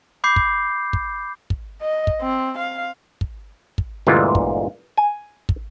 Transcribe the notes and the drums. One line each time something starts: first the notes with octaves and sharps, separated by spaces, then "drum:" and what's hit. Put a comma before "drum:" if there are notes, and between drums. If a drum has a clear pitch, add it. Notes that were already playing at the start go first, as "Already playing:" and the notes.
B5 D6 G6 C7
drum: kick
drum: kick
drum: kick
D#5
drum: kick
C4
F5
drum: kick
drum: kick
G1 D2 A#2 E3 G#3 F4
drum: kick
G#5
drum: kick